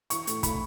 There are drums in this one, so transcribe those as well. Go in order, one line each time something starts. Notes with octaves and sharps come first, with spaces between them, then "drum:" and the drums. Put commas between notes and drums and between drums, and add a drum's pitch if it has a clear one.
E3 C#6, drum: hi-hat
A2, drum: hi-hat
A2 B5, drum: kick, hi-hat